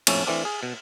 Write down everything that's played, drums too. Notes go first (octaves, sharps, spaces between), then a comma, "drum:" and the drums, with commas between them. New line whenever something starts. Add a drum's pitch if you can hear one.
A#1 F2 A2 A3 C#4 C#5, drum: cymbal
E3 A3 C4 D4
G#4
B2